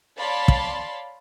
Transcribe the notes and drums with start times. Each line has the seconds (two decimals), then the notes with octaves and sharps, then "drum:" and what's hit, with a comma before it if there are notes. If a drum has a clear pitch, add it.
0.18 C#5 D5 F5 A5 B5 C6
0.48 drum: kick